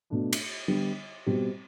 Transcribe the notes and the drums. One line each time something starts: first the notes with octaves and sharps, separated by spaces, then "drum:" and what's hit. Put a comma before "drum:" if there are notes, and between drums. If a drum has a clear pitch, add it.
B2 A3 D4
drum: cymbal
D3 G3 B3
B2 G3 C4 G4